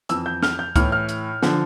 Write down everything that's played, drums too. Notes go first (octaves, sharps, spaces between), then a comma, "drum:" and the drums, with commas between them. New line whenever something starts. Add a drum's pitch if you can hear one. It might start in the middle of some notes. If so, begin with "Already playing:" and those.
F2 E3 E6, drum: hi-hat
G6
F6, drum: snare
G6
A2 E3 F6, drum: kick, hi-hat
F6
drum: hi-hat
D3 F3, drum: snare